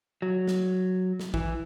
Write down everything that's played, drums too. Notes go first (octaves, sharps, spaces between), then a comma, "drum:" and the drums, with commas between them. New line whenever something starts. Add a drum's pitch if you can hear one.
F#3
drum: snare
drum: snare
E3, drum: kick A1